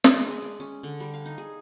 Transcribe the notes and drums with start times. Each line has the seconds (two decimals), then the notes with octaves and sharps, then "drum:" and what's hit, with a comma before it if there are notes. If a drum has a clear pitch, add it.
0.04 D4, drum: snare
0.16 G#3
0.28 G#4
0.42 D5
0.60 C#4
0.83 D3
1.00 G3
1.14 F5
1.25 D#4
1.38 G#4